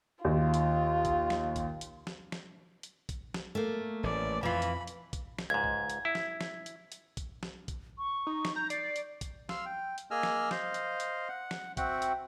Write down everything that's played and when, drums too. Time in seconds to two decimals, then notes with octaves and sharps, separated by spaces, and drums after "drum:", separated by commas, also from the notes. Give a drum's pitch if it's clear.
0.25 D#2 F4
0.54 drum: hi-hat
1.05 drum: kick B1, hi-hat
1.30 drum: snare
1.56 drum: kick B1, hi-hat
1.81 drum: hi-hat
2.07 drum: snare
2.32 drum: snare
2.83 drum: hi-hat
3.09 drum: kick B1, hi-hat
3.34 drum: snare
3.55 A3 A#3
4.03 A1 D5
4.43 F2 E3 F4 B5
4.62 drum: hi-hat
4.87 drum: hi-hat
5.13 drum: kick B1, hi-hat
5.39 drum: snare
5.50 C#2 G#2 G#6
5.64 drum: kick B1
5.90 drum: hi-hat
6.05 E4
6.15 drum: snare
6.41 drum: snare
6.66 drum: hi-hat
6.92 drum: hi-hat
7.17 drum: kick B1, hi-hat
7.43 drum: snare
7.68 drum: kick B1, hi-hat
7.98 C#6
8.27 D#4
8.45 drum: snare
8.56 A#5 G6
8.70 D5 C7, drum: hi-hat
8.96 drum: hi-hat
9.21 drum: kick B1, hi-hat
9.49 F5 C6 E6 F6, drum: snare
9.66 G5
9.98 drum: hi-hat
10.11 A#3 G#4 D#5 G#5 E6 F6
10.23 drum: snare
10.51 C5 D#5 F5, drum: snare
10.74 drum: hi-hat
11.00 drum: hi-hat
11.29 F#5
11.51 drum: snare
11.77 C4 F#4 E5 F#5 G5, drum: kick B1, hi-hat
12.02 drum: hi-hat